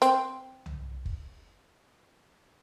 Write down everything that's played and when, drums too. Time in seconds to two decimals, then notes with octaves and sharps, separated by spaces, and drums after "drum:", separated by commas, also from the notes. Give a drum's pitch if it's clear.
0.02 C4, drum: hi-hat
0.66 drum: tom C2
1.05 drum: kick